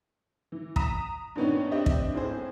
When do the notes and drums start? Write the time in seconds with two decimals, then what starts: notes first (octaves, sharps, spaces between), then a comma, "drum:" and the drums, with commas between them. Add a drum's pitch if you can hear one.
0.52 E3
0.76 A#5 D#6 B6 D#7 E7, drum: kick
1.35 G2 A#2 D#3 B3 C#4 D#4
1.71 C4 D4 G4 D#5 E5
1.86 drum: kick
2.13 G1 A2 C4 G#4 C5